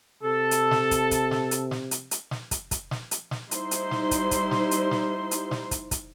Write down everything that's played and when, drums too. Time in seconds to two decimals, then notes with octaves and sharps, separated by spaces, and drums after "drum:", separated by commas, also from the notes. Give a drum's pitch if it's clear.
0.23 C3 A4
0.51 drum: hi-hat
0.71 drum: snare
0.91 drum: kick, hi-hat
1.11 drum: kick, hi-hat
1.31 drum: snare
1.51 drum: hi-hat
1.71 drum: snare
1.91 drum: hi-hat
2.11 drum: hi-hat
2.31 drum: snare
2.51 drum: kick, hi-hat
2.71 drum: kick, hi-hat
2.91 drum: snare
3.11 drum: hi-hat
3.31 drum: snare
3.51 G3 D#4 E4 C5 C6, drum: hi-hat
3.71 drum: hi-hat
3.91 drum: snare
4.11 drum: kick, hi-hat
4.31 drum: kick, hi-hat
4.51 drum: snare
4.71 drum: hi-hat
4.91 drum: snare
5.31 drum: hi-hat
5.51 drum: snare
5.71 drum: kick, hi-hat
5.91 drum: kick, hi-hat